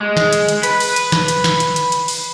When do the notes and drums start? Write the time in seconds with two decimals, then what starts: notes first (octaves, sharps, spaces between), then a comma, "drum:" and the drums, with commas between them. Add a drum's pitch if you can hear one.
0.01 G#3
0.17 drum: snare
0.33 drum: hi-hat
0.49 drum: hi-hat
0.63 B4, drum: hi-hat
0.80 drum: open hi-hat
0.96 drum: hi-hat
1.12 drum: snare
1.28 drum: hi-hat
1.44 drum: snare
1.60 drum: hi-hat
1.76 drum: hi-hat
1.92 drum: hi-hat
2.08 drum: open hi-hat